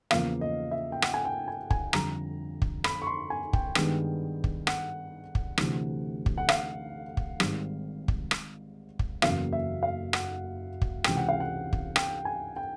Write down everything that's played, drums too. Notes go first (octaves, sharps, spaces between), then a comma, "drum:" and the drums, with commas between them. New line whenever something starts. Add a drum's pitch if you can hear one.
E2 C#3 F3 A#3 F5, drum: rim click
D#5
E5
G5
F#5, drum: rim click
G#5
G5
G#5
G#5, drum: kick
F2 D3 G3 A#5, drum: rim click
drum: kick
B5, drum: rim click
C#6
C6
G#5
G5, drum: kick
G2 D#3 G#3 B3, drum: rim click
drum: kick
F#5, drum: rim click
drum: kick
D2 C3 E3, drum: rim click
drum: kick
F#5
F5, drum: rim click
drum: kick
G#1 G#2 D#3 G3, drum: rim click
drum: kick
drum: rim click
drum: kick
F#1 E2 C#3 F#3 A#3 F5, drum: rim click
E5
F5
F#5, drum: rim click
drum: kick
C#2 C3 E3 G5, drum: rim click
F#5
F5
F#5
drum: kick
G5, drum: rim click
G#5
G5